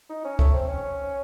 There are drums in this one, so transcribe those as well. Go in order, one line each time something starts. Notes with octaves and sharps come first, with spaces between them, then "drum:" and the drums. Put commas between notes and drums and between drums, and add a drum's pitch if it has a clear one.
D#4
C#4
A3, drum: kick
C4
C#4